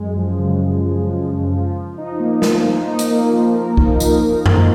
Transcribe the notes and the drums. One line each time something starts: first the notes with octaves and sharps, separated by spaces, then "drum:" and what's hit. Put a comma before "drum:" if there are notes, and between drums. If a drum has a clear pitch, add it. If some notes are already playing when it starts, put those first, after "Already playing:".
Already playing: F#2 G#3
F3
C#3
F#2
G#3
F3
C#3
F3
F3
D#4
A#3
F3, drum: snare
F3
D#4
drum: hi-hat
A#3
F3
A#4
D#4, drum: kick
A#3, drum: tambourine
F3
A#4, drum: tom F2